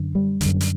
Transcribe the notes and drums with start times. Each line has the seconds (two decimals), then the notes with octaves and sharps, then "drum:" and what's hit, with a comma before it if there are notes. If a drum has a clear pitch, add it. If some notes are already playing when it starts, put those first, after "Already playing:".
Already playing: F#2 D3
0.15 G3
0.41 F#2 D3, drum: kick, hi-hat
0.61 drum: hi-hat